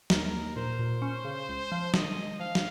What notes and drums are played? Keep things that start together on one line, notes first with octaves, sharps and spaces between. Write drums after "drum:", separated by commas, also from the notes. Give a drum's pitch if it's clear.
D#2 A#4, drum: snare
D#2
A#2 C5
A#2
C#4
C#3
C#2
F3
D#3 D#5, drum: snare
G#3
F3 F5
drum: snare